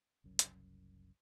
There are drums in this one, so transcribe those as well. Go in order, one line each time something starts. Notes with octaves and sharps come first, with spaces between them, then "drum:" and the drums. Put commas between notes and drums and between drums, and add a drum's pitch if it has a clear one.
F#1 C2 F#2
drum: hi-hat